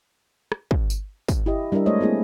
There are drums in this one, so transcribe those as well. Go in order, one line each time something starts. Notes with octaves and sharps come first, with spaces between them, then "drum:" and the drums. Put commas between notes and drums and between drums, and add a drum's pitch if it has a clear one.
drum: rim click
drum: kick
drum: tambourine
drum: kick, tambourine
E4 G4 D#5
G3 D4 E4 A#4 E5
G#3 A3 C5 C#5 D#5
A#3 C4 E4 G#4